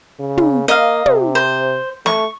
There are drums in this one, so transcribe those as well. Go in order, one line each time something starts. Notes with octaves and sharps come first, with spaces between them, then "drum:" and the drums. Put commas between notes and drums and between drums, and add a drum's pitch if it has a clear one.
C#3
drum: tom
A#3 D#5 F5, drum: hi-hat
C3, drum: tom
C5
A3 C#6, drum: snare